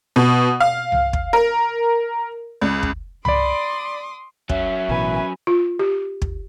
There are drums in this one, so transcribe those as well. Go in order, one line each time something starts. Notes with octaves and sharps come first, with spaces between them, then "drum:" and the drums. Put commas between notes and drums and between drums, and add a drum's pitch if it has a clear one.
B2
F5
drum: tom C2
drum: kick
A#4
C#2
drum: kick
D5 B5 C6 D6 D#6, drum: tom C2
F#3 C#4 E5, drum: kick
A1 B2 E3 B4 G#5
F4
G4
drum: kick